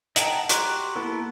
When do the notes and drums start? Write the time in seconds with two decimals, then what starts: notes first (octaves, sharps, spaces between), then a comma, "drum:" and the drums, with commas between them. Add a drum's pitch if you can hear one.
0.16 D#5 F#5 G5 A5 A#5, drum: hi-hat
0.49 F#4 G4 A#5 C6 F#6, drum: hi-hat
0.95 A#3 B3 E4 A4 B4